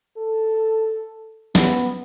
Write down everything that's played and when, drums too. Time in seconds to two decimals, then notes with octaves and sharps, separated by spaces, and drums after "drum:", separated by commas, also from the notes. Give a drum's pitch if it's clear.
0.18 A4
1.55 B3, drum: snare